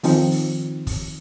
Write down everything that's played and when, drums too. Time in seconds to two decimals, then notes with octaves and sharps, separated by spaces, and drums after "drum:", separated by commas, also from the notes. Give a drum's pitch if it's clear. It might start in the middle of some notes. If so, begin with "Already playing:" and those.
0.04 D#3 F3 C4 D#4, drum: open hi-hat
0.31 drum: open hi-hat
0.87 drum: kick, open hi-hat